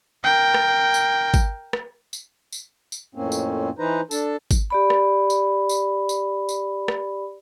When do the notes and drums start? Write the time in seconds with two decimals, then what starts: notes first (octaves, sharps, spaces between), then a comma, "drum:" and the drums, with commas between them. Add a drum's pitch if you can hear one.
0.24 A#4 G5
0.54 drum: rim click
0.94 drum: tambourine
1.34 drum: kick G#1, tambourine
1.73 drum: rim click
2.13 drum: tambourine
2.53 drum: tambourine
2.92 drum: tambourine
3.15 F2 A2 A#3 C4 C#4
3.32 drum: tambourine
3.79 E3 D#4 B4 C5 A#5
4.11 D4 A4 A5, drum: tambourine
4.51 drum: kick G#1, tambourine
4.70 G4 D5 B5
4.90 drum: rim click
5.30 drum: tambourine
5.69 drum: tambourine
6.09 drum: tambourine
6.49 drum: tambourine
6.88 drum: rim click